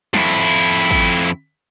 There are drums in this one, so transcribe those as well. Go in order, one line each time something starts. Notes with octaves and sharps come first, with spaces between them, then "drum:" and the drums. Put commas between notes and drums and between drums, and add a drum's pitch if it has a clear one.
F2 E4, drum: snare
drum: kick